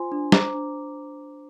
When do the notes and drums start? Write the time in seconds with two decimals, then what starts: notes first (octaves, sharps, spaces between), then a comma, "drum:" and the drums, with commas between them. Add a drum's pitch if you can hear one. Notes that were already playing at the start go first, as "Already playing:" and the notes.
Already playing: F4 C5 G#5 C6
0.12 D4
0.32 C5 A#5 D6, drum: snare
0.54 D4